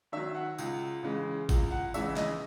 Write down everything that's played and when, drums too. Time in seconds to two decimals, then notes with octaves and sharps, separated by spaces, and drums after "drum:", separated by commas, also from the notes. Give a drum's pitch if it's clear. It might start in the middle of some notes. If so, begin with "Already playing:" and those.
0.12 D#3 F#3 E5
0.35 F#5
0.58 C#2, drum: tambourine
1.03 C#3 E3 G#3
1.49 C#2, drum: kick G#1, tambourine
1.71 F#5
1.94 C#3 E3 G#3 E5, drum: tambourine
2.17 D#5, drum: snare